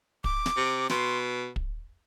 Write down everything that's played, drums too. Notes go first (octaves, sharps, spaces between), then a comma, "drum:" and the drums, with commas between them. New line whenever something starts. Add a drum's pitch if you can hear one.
D6, drum: kick
drum: snare
C3
B2 C6, drum: snare
drum: kick